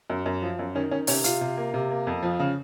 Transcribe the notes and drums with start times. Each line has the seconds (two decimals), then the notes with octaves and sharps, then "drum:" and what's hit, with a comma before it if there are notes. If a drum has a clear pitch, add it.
0.10 F#2
0.26 F#2
0.42 F3
0.59 F#2
0.75 D#3 C#4
0.91 D#3 C#4
1.07 C3 C#4, drum: open hi-hat
1.24 C3 F4, drum: hi-hat
1.41 C3
1.57 A#3
1.74 C3
1.91 A#3
2.07 F2
2.23 F3
2.39 C#3